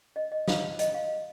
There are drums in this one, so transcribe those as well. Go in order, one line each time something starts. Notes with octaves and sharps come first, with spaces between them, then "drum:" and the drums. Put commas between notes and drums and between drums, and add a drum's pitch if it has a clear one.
D#5
D#5
F5, drum: snare
D#5, drum: hi-hat
F5